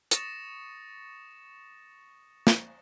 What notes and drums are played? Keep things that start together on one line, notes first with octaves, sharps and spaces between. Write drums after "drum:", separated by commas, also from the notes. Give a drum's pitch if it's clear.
C#6 D#6 A6 A#6 C#7 E7, drum: hi-hat
drum: snare